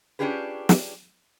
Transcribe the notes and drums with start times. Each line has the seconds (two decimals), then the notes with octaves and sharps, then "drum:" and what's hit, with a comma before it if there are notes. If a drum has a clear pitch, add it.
0.19 C#4 D4 F4 G4 G#4 B4
0.69 drum: snare